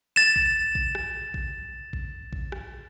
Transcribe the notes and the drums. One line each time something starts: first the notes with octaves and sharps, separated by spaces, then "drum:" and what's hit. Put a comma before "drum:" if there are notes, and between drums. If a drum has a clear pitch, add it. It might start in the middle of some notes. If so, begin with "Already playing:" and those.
A6 E7
drum: kick A#1
drum: kick A#1
drum: rim click
drum: kick A#1
drum: kick A#1
drum: kick A#1
drum: rim click